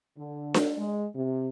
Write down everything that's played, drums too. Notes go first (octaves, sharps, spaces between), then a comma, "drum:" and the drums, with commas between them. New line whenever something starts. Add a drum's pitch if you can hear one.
D3
drum: snare D4
G#3
C3